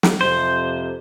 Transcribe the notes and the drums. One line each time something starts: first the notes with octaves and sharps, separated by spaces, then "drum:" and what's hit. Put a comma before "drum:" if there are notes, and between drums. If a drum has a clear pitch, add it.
drum: snare
F2 C3 C5